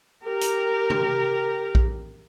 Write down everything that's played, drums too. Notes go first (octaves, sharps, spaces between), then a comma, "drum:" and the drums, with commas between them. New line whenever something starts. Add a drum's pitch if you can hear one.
G4 A#4
drum: hi-hat
drum: tom C3
drum: kick A#1